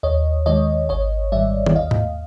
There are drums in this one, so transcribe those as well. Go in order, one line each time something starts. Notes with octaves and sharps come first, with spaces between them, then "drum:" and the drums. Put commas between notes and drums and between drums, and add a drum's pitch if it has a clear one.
D#2 C#5 D#5
D#3 G#3 C#5 D#5
G#1 C#5 D#5
G#2 D#3 G3 D5 E5
drum: tom D#3
D#2 D#5 F5
drum: tom G#2